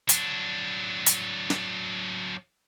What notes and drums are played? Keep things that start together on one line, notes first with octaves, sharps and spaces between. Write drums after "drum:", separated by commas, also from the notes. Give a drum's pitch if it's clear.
F#3 D4, drum: hi-hat
drum: hi-hat
drum: snare